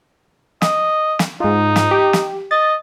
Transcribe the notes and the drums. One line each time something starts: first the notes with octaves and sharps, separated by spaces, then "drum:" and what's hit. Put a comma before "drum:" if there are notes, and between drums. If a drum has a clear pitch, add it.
D#5, drum: snare
drum: snare
G#2 D#4 F4
drum: snare
G4
drum: snare
D#5 A6